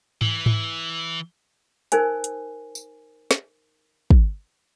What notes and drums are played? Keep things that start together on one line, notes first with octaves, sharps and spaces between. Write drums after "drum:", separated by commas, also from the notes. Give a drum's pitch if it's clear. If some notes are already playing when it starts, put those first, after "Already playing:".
E3, drum: tom G#2
drum: tom G#2
D#4 A#4 C5 G#5, drum: hi-hat
drum: hi-hat
drum: tambourine
drum: snare
drum: kick